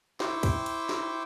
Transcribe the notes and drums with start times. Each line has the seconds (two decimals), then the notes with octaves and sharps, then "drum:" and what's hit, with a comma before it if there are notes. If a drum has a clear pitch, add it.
0.20 E4 C5 G5 C#6 D6, drum: snare
0.43 drum: kick, cymbal
0.66 drum: cymbal
0.89 drum: snare